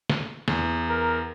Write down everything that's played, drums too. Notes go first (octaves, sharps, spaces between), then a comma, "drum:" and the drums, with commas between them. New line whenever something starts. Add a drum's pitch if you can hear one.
drum: snare
E2, drum: snare
A#4